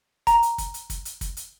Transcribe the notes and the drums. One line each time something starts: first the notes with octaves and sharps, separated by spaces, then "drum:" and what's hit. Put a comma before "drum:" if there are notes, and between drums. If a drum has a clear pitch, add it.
A#5, drum: kick, hi-hat
drum: hi-hat
drum: kick, hi-hat
drum: hi-hat
drum: kick, hi-hat
drum: hi-hat
drum: kick, hi-hat
drum: hi-hat